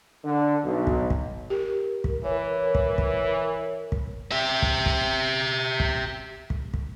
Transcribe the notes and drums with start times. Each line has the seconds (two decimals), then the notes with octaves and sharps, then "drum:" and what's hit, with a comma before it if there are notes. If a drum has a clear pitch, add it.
0.24 D3
0.63 B1
0.87 drum: kick
1.10 drum: kick
1.50 G4 A#4
2.04 drum: kick
2.24 E3 C#5
2.75 drum: kick
2.98 drum: kick
3.92 drum: kick
4.31 G4 E5
4.62 drum: kick
4.86 drum: kick
5.80 drum: kick
6.50 drum: kick
6.74 drum: kick